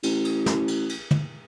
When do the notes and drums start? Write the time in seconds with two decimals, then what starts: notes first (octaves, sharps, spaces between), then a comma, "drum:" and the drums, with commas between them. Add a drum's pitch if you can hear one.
0.03 A1, drum: cymbal
0.25 drum: cymbal
0.46 drum: snare
0.68 drum: cymbal
0.89 drum: cymbal
1.11 drum: tom